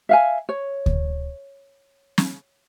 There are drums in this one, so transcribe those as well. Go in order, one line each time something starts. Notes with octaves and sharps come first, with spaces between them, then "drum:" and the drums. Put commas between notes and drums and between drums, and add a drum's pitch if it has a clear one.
E5 F5 G#5
C#5
drum: kick D2
drum: snare